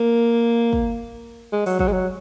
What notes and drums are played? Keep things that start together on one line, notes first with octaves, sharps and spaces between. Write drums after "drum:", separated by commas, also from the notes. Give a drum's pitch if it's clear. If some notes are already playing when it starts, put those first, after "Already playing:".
Already playing: A#3
drum: kick
G#3
F#3, drum: open hi-hat
F#3, drum: kick
G#3
F#3